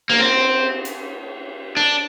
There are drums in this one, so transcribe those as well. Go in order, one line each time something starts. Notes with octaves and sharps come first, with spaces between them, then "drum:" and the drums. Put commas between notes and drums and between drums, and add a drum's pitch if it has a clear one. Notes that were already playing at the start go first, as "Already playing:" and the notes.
A#3, drum: cymbal
C4
drum: hi-hat
D4